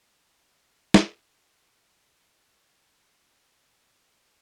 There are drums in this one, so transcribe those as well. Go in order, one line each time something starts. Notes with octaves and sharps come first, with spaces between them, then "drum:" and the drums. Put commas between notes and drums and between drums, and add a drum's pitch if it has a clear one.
A3 B3 F4 G4 G#4
drum: snare
B5
A2 A#3 F4 G#5
A4
A3 F#5 B5 D#6 F#6
D3 F#5